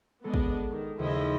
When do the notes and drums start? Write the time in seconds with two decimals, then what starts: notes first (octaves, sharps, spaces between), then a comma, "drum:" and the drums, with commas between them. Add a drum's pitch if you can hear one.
0.24 G#3 B3 D4 A4 D#5
0.34 drum: kick
0.69 D#3
0.99 D#2 C#3 F3 E4 D#5